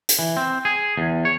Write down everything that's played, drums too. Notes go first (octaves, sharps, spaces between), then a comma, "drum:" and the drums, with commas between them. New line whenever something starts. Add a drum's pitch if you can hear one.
drum: hi-hat
E3
C4
G#4
E2
C#5